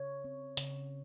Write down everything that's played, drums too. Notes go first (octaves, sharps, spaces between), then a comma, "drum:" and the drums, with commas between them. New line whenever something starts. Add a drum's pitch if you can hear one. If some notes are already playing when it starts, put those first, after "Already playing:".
Already playing: C#3 C#5
C4
C#3, drum: hi-hat